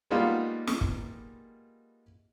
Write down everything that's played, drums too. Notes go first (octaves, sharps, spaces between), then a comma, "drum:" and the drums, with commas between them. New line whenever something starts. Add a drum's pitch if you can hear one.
G3 G#3 A#3 B3 D#4 F4
drum: snare
drum: kick